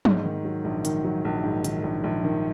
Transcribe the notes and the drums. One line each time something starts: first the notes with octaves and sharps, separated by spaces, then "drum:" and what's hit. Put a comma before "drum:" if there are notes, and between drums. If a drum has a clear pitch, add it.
G#2, drum: tom
D#3
F#3
A#1
D#3, drum: hi-hat
F#3
A#1
G#2
D#3, drum: hi-hat
A#1
A#1
D#3